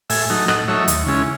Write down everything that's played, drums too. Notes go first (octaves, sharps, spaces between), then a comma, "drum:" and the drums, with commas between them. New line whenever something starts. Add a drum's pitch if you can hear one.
A2 E5 G#5, drum: open hi-hat
F#3 A3 D#4
A2 D#5 F#5, drum: rim click
F#3 A3 D#4 C#5 E5
D#2, drum: hi-hat
C#3 G#3 C#4 E4